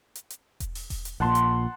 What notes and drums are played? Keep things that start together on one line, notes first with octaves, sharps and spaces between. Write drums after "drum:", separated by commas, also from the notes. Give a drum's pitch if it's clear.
drum: hi-hat
drum: hi-hat
drum: kick E1, hi-hat
drum: open hi-hat
drum: kick E1, open hi-hat
drum: hi-hat
A#1 A#2 F#5 A5 C6
drum: hi-hat